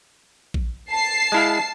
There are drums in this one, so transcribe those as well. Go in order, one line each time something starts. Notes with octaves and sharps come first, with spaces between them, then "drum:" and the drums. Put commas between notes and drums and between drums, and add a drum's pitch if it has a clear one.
drum: kick A1
A5 C7
G#3 E4 F5